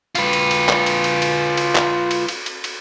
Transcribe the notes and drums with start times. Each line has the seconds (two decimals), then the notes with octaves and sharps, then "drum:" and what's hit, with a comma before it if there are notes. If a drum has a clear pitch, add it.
0.15 F4 B4, drum: cymbal
0.33 drum: cymbal
0.51 drum: cymbal
0.69 drum: clap
0.86 drum: cymbal
1.04 drum: cymbal
1.22 drum: cymbal
1.57 drum: cymbal
1.75 drum: clap
2.11 drum: cymbal
2.28 drum: cymbal
2.46 drum: cymbal
2.64 drum: cymbal